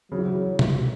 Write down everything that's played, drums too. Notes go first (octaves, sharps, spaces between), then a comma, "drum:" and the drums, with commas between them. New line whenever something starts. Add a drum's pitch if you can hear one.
C#3 F#3
E3
C#3
drum: tom B2